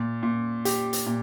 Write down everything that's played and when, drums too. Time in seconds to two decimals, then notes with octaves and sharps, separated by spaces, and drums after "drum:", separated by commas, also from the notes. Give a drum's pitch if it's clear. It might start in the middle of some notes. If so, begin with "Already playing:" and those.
Already playing: A#2
0.23 A#2
0.65 G4, drum: hi-hat
0.93 drum: hi-hat
1.06 A#2